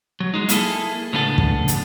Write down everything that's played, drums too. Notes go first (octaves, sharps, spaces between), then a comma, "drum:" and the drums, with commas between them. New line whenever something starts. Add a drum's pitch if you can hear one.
F#3
G#3 D#4
A#3 E4 G#4 A4, drum: hi-hat
A2 C#3 B3 D4 A4
drum: kick
drum: hi-hat